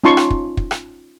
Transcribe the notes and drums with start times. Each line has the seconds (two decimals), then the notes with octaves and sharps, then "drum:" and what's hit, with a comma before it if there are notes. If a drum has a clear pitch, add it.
0.04 C#4 D#4 F4 A5 C6 C#6
0.17 drum: rim click
0.30 drum: kick
0.57 drum: kick
0.71 drum: rim click